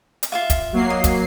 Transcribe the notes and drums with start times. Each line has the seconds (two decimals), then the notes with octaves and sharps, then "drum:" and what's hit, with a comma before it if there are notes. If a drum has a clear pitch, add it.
0.23 drum: hi-hat
0.32 F4 E5 F5
0.50 drum: kick, hi-hat
0.73 F#3 A#3 C7
0.90 D#5
1.04 drum: kick, hi-hat